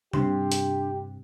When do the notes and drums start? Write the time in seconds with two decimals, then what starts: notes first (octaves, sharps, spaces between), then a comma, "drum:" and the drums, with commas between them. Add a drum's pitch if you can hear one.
0.13 G2 C3 D4 G4 C6, drum: tom C3
0.52 drum: hi-hat